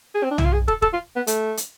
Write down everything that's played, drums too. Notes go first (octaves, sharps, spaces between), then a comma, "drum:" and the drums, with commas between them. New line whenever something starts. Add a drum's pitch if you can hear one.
G#4
C4
D4
E4, drum: tom
F4
G#4
A4, drum: kick
A4, drum: kick
F4
B3
A3, drum: hi-hat
drum: hi-hat